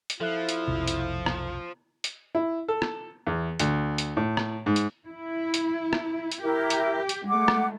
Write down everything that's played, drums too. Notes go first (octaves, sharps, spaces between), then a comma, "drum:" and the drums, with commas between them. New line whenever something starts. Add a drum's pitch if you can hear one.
drum: hi-hat
F3 E4 A4 E5 F#6
drum: hi-hat
F1 B1 C3
drum: hi-hat
drum: rim click
drum: hi-hat
E4
A4
drum: rim click
E2
D2, drum: hi-hat
drum: hi-hat
A2
drum: rim click
G#2
drum: hi-hat
E4
drum: hi-hat
drum: rim click
drum: hi-hat
E4 G4 A#4
drum: hi-hat
drum: hi-hat
G#3 A3 F#5 D6
drum: rim click